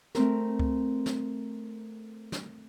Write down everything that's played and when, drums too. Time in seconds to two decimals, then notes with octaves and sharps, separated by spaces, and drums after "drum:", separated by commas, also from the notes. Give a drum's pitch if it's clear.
0.15 A3 C4 A#4, drum: snare
0.59 drum: kick C2
1.06 drum: snare
2.32 drum: snare